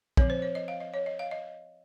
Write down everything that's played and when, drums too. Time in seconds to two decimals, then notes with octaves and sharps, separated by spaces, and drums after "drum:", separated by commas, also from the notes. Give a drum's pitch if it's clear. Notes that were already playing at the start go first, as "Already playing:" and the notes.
0.17 F3 C4 C#5, drum: kick
0.30 C5
0.42 C#5
0.55 D#5
0.68 F5
0.80 D#5
0.94 C#5
1.06 D#5
1.19 F5
1.31 D#5